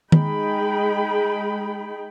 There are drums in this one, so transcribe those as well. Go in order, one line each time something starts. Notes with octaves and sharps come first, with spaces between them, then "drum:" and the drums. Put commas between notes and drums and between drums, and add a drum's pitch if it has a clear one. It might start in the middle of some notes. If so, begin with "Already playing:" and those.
G#3 D#4 G#4 G5 B5, drum: tom D#3